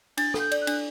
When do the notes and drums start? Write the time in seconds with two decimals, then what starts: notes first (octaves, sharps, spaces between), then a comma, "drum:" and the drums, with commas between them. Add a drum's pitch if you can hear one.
0.17 D4 A6, drum: cymbal
0.34 A4, drum: snare
0.39 G6
0.51 D5, drum: cymbal
0.62 F#6
0.67 D4, drum: cymbal